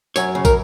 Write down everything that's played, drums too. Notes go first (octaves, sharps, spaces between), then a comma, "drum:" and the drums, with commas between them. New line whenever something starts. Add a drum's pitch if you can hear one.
F#2 C#5, drum: tambourine
C#3
A#4, drum: kick, tambourine